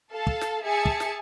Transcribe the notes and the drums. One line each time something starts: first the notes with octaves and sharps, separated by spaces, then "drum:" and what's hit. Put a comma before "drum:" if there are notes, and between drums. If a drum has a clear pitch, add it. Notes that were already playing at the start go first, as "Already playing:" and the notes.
A4 F5 A5
drum: kick
drum: snare
G#4 E5 G#5 A5 C#7
drum: kick
drum: snare